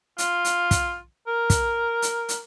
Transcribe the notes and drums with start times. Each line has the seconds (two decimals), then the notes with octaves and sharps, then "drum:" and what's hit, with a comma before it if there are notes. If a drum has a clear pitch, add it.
0.18 F4, drum: hi-hat
0.45 drum: hi-hat
0.71 drum: kick, hi-hat
1.27 A#4
1.50 drum: kick, hi-hat
2.02 drum: hi-hat
2.29 drum: hi-hat